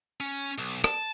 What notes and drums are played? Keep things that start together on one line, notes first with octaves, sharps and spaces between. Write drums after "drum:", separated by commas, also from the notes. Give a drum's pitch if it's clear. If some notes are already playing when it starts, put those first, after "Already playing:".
C#4
B1
A5, drum: rim click